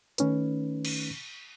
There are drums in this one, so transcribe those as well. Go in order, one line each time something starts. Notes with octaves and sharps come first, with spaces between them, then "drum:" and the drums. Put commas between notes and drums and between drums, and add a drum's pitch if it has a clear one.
D#3 A3 C#4 D#4 B4, drum: hi-hat
drum: cymbal